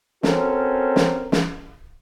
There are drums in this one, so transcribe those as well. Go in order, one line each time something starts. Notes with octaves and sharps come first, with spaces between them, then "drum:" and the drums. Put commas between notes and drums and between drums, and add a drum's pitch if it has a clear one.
C4 C#4 F#4 A4 A#4, drum: snare
drum: snare
drum: snare